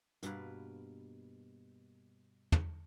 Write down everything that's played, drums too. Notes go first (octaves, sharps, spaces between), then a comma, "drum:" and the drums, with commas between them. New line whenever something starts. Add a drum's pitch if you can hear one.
G2 B2 A#3 B4, drum: hi-hat
drum: tom